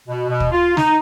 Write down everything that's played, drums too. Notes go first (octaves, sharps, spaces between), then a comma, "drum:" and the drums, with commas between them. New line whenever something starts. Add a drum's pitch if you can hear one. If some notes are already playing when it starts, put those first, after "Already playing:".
B2
B2
drum: kick
F4
D#4, drum: snare